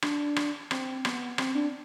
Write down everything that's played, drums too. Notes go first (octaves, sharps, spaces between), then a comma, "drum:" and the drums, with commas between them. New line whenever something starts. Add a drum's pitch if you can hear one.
D4, drum: rim click
drum: rim click
C4, drum: rim click
B3, drum: rim click
C4, drum: rim click
D4